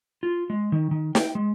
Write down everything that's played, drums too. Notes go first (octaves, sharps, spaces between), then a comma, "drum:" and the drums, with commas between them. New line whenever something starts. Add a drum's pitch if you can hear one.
F4
G#3
D#3
D#3
G5, drum: snare
G#3